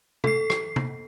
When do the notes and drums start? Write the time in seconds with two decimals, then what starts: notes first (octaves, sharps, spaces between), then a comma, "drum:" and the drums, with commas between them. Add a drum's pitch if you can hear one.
0.24 A4 C7, drum: tom
0.50 drum: rim click
0.76 drum: tom